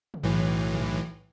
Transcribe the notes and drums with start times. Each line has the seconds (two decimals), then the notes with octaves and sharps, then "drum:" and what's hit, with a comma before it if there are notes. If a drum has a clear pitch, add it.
0.14 drum: tom C3
0.23 B1 A2 E3
0.74 drum: tom A2